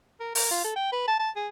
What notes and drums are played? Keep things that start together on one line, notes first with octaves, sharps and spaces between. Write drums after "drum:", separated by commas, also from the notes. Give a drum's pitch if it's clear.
A#4
A#4, drum: open hi-hat
F4
A4
G5
B4
A5
A5
G#4